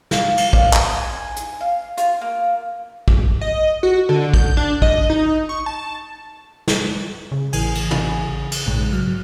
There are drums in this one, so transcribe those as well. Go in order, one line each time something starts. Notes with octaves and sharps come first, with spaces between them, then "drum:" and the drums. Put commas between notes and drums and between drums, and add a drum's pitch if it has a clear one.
A#3, drum: snare
drum: cymbal
F5, drum: kick
drum: clap
G#5
drum: hi-hat
F5
F4, drum: hi-hat
A#3
drum: kick
D#5
F#4
D3
G6, drum: kick
D4
D#5, drum: kick
D#4
C#6
A5
drum: snare
C#3
A1 E3 G#5, drum: cymbal
drum: cymbal
drum: tom
drum: cymbal
A#1 G#2
F#3 F6